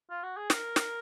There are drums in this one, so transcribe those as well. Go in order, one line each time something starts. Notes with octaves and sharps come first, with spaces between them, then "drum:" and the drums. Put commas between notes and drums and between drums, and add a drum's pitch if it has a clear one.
F4
F#4
G#4
A#4, drum: snare
drum: snare